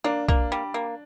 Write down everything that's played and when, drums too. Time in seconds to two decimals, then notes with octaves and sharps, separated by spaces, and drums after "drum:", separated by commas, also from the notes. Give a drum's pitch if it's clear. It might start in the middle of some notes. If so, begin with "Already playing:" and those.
0.04 A#3 D4
0.28 A#3, drum: kick B1
0.52 G3
0.74 A#3